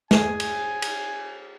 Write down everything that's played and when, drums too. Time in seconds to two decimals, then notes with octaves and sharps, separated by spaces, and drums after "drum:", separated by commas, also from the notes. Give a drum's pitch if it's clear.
0.11 G#4 G#5, drum: snare
0.40 drum: cymbal
0.82 drum: cymbal